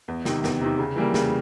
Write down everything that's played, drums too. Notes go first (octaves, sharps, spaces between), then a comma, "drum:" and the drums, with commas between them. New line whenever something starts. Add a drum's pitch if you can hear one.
E2
C3 D#3, drum: snare
E2, drum: snare
C3 D#3
C#3
E3 G3 A#3
C#3, drum: snare